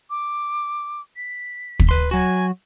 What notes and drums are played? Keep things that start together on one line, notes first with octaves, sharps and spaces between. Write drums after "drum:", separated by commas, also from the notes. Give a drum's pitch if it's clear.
D6
B6
drum: kick
B4 C6
F#3 F#4 G#5